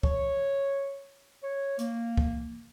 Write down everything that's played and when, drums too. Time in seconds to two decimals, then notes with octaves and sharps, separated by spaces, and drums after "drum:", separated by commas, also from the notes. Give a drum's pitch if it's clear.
0.03 C#5, drum: kick
1.42 C#5
1.78 A#3, drum: hi-hat
2.17 drum: kick